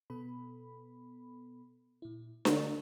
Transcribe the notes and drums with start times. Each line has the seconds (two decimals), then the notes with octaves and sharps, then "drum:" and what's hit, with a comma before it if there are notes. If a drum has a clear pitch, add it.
0.10 B2 B3 A4 B5
2.02 A#2 E4
2.45 D3 A3 A6, drum: snare D4